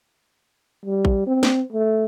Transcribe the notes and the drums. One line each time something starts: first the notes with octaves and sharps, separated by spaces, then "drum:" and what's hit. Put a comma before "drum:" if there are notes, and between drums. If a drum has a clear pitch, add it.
G3
drum: kick A1
C4
drum: snare
A3